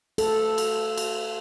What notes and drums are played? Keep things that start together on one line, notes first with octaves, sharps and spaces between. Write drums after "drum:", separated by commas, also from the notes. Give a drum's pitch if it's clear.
A4, drum: cymbal
drum: cymbal
drum: cymbal